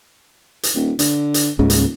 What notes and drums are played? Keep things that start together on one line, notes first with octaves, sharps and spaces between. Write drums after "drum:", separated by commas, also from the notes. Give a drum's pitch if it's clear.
drum: hi-hat
D#1
D3, drum: hi-hat
drum: hi-hat
D#1 C#2 G#2 C#3
drum: hi-hat